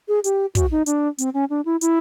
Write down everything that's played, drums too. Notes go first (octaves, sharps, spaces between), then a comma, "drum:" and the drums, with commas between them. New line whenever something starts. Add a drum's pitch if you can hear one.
G#4
G4, drum: hi-hat
F#4, drum: kick, hi-hat
D#4
D4, drum: hi-hat
C4, drum: hi-hat
C#4
D4
E4
E4, drum: hi-hat